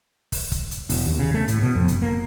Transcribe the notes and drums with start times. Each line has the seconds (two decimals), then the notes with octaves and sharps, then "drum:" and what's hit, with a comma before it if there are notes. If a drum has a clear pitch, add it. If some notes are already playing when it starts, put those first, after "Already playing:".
0.32 drum: kick, open hi-hat
0.52 drum: kick, hi-hat
0.71 drum: hi-hat
0.90 E1, drum: open hi-hat
1.06 D#2
1.19 C#3
1.34 A3
1.48 A2, drum: hi-hat
1.62 B2
1.76 F2
1.88 F#1, drum: hi-hat
2.02 A#3